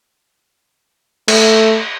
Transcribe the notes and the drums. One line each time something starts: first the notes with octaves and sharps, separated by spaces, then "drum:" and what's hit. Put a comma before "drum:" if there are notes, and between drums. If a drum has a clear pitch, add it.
A3, drum: cymbal